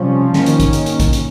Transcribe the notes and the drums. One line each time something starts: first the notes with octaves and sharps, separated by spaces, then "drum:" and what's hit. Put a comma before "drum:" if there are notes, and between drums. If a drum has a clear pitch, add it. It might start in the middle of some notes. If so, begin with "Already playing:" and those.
Already playing: C3 F3 G3 C#4
D#3 A#3 C#4, drum: snare
drum: hi-hat
drum: kick A1, hi-hat
drum: hi-hat
drum: hi-hat
drum: kick A1, hi-hat
drum: hi-hat